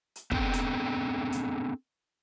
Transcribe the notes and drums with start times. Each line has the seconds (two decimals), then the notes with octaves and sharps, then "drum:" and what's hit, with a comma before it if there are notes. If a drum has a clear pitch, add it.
0.16 drum: hi-hat
0.31 B3 C4 D4 G#4 A4 G5, drum: kick
0.53 drum: hi-hat
1.32 drum: hi-hat